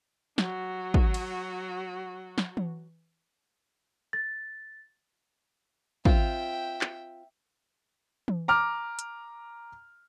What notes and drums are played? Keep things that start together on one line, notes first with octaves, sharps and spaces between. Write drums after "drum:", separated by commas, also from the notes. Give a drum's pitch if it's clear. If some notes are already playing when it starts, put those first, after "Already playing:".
F#3 F#4, drum: snare
drum: kick
drum: cymbal
drum: snare
drum: tom E3
A6
C4 F4 E5 G5, drum: kick
drum: clap
drum: tom E3
A#5 D6 F6
drum: hi-hat